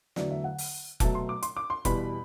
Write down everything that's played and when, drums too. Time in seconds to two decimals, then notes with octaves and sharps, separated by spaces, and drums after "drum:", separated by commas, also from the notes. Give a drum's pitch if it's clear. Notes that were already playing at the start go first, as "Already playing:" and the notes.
0.16 E2 D3 F#3 A3 D5, drum: snare
0.30 E5
0.44 F#5
0.58 drum: open hi-hat
1.00 B2 F#3 A3 A5, drum: kick F1, hi-hat
1.15 C6
1.29 D6
1.43 C6, drum: hi-hat
1.57 D6
1.70 C6
1.85 E2 B2 G3 B5, drum: kick F1, hi-hat